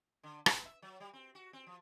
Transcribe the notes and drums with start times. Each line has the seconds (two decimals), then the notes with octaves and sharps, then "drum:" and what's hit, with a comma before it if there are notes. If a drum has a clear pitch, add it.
0.23 D3
0.46 B3, drum: rim click
0.65 E5
0.82 F#3
1.00 G3
1.13 C4
1.35 F#4
1.53 C4
1.66 F3